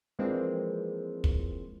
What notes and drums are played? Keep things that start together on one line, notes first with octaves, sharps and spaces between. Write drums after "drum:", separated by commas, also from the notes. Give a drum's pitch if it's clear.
E3 F3 G#3 A#3 C4 D4
drum: kick